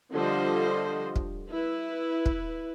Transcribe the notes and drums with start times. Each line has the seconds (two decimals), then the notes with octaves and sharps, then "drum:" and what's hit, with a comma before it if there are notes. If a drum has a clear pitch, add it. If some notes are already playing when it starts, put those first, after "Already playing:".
0.13 D3 F3 G3 F4 C5 D#5
1.16 drum: kick
1.52 E4 B4
2.26 drum: kick